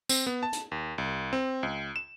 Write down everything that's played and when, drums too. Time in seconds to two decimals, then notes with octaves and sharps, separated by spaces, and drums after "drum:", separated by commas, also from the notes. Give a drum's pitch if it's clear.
0.09 C4, drum: tambourine
0.27 B3
0.43 A5
0.53 drum: hi-hat
0.72 D#2
0.98 C2
1.33 C4
1.63 C#2
1.96 E7